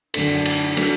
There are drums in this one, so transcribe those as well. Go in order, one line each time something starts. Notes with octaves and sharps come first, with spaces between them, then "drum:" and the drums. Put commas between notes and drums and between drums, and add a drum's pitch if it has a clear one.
F#2 D3 A3 D4 A4, drum: cymbal
drum: cymbal
F#3 A3 D4 A4, drum: cymbal